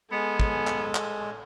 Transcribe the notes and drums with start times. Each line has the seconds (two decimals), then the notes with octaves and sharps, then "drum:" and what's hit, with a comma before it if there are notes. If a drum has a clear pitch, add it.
0.12 G#3 B3 A4 G#5
0.40 drum: kick
0.67 drum: clap
0.95 drum: clap